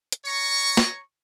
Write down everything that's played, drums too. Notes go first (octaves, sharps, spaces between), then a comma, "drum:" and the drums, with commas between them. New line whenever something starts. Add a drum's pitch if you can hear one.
drum: hi-hat
C#5 A#5 C#6
drum: snare